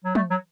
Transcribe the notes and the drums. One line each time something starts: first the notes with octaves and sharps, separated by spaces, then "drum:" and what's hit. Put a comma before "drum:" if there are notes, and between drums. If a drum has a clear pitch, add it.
F#3
A3, drum: tom
F#3